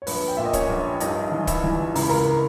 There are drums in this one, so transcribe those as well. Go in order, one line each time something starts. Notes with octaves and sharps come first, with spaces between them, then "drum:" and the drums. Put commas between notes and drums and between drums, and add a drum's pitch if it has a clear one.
C#5
A#1 B4, drum: open hi-hat
G5
A#2 E5
D#5
C#4 C#5, drum: kick, hi-hat
A#1
G2 D#4 D#5, drum: hi-hat
E3
E4 E5, drum: kick, hi-hat
E3
C#2 A#5, drum: open hi-hat
B5
A#4 A#5